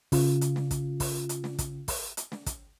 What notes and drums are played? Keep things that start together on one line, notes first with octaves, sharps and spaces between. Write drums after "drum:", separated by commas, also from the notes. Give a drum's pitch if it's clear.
C#3 F4, drum: kick, open hi-hat
drum: hi-hat
drum: snare
drum: kick, hi-hat
drum: kick, open hi-hat
drum: hi-hat
drum: snare
drum: kick, hi-hat
drum: kick, open hi-hat
drum: hi-hat
drum: snare
drum: kick, hi-hat